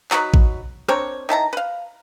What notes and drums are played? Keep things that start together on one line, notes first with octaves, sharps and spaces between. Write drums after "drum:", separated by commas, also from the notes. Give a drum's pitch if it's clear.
F#3 D#4 F#4 B4, drum: clap
drum: kick A1
C4 D4 A#4 C#5, drum: rim click
D#3 E4 A5 A#5
B4 F5